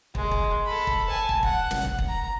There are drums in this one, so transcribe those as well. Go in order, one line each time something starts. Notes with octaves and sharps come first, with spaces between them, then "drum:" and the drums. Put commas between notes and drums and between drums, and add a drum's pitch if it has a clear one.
G#3, drum: kick
drum: kick
A4 B5
drum: kick
G#5 A5
drum: kick
F#5, drum: kick
drum: snare
drum: kick
drum: kick
A#5